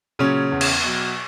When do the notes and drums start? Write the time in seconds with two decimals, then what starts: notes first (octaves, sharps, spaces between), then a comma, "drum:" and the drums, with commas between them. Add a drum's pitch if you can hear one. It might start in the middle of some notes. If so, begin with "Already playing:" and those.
0.19 A#2 C#3 F#3 C#4
0.52 E2
0.61 drum: cymbal
0.84 B2 F#3